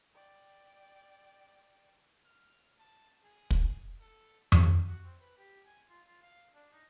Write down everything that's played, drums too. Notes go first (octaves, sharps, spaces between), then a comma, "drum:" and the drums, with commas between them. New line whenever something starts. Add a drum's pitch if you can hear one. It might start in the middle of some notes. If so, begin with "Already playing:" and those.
D5 G5
F6
A5
G#4
drum: kick
A4
drum: tom F2
F#4
C4
B4
G4
G#5
F4
F4
F5
D4
D#4